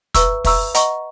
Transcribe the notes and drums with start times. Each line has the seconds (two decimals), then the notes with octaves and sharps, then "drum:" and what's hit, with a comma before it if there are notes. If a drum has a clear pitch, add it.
0.15 B4 E5 A#5 C#6 E6, drum: kick, hi-hat
0.44 B4 E5 A#5 C#6 E6, drum: kick, open hi-hat
0.74 D#5 F#5 A#5 C#6, drum: hi-hat